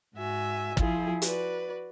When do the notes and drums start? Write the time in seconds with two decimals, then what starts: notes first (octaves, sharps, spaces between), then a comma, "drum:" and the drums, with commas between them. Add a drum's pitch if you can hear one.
0.15 G#2 F#4 E5 G#5
0.77 F3 E4 F4 G#4, drum: kick
1.22 F#4 B4 D5, drum: hi-hat